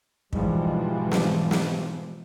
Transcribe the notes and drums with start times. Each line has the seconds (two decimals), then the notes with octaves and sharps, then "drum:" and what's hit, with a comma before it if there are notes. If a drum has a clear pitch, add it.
0.33 G#2 B2 E3 F3 G3 G#3, drum: kick
1.12 drum: snare
1.51 drum: snare